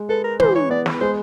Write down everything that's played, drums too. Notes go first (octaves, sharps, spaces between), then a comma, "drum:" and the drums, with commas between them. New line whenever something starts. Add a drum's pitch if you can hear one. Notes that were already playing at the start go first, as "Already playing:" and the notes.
Already playing: G#3
A4 B4
A#4
E3 C5, drum: tom
C#5
B3 D5
B4, drum: snare
G#3 C5